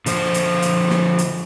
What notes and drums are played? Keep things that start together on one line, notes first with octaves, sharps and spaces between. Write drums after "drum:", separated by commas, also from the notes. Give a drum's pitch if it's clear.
D3 F3 C5, drum: hi-hat
drum: hi-hat
drum: hi-hat
drum: snare
drum: hi-hat